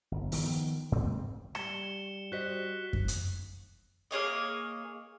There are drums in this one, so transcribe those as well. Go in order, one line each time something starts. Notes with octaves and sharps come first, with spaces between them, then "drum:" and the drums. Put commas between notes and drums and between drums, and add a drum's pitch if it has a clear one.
G1
D#3 F3 B3, drum: open hi-hat
G#2 C4
G3 C#7 E7 G7, drum: rim click
F#4 C5 D#5 F#6 B6
drum: kick F#2
drum: hi-hat
A#3 G#4 C#5 D#5